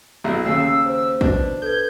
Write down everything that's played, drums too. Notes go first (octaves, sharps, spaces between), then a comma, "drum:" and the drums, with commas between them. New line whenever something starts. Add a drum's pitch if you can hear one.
B1 B2 E4
D#2 C#3 E6 C7
C5
B2 D4, drum: kick
A4 B4 G6 G#6